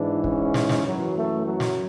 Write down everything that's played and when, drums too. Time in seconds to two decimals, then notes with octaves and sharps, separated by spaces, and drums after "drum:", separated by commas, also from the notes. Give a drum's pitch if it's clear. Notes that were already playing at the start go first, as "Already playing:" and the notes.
Already playing: G#2 E3 D4
0.24 C#4, drum: kick
0.54 drum: snare
0.69 drum: snare
0.84 F#2 E3 F#3
1.15 A3
1.45 F#3
1.60 drum: snare